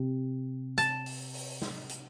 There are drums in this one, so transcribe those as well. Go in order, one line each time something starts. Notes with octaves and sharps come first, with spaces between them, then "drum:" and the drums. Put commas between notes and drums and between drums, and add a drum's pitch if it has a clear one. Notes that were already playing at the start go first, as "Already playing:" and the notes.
Already playing: C3
A5, drum: hi-hat
drum: open hi-hat
drum: open hi-hat
drum: snare
drum: hi-hat